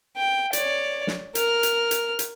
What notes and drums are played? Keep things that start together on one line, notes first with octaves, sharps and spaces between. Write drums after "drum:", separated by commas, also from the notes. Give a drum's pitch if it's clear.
G5
C#5 D5, drum: hi-hat
drum: snare
A#4 F6, drum: hi-hat
drum: hi-hat
drum: hi-hat
drum: hi-hat